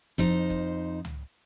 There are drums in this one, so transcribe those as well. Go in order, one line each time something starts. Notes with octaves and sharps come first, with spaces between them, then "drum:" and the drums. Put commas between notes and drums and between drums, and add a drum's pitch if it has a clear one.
F2 D#4 C5, drum: kick F#1
drum: kick F#1
drum: tom C#2